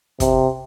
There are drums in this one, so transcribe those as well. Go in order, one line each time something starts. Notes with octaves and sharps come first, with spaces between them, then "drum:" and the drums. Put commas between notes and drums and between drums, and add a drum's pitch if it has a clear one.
C3, drum: kick, hi-hat